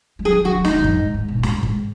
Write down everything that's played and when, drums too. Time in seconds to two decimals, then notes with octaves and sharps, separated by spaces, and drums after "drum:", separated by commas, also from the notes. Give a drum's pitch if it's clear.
0.19 G#3
0.25 F#3 G#4
0.40 F#3
0.45 F#4
0.54 F#3
0.65 D#4, drum: snare
0.70 D#3
0.80 G#2
0.84 F#2, drum: kick
0.99 G#2
1.14 G#2
1.28 B2
1.39 F#2
1.43 G#2, drum: snare
1.63 G#2, drum: kick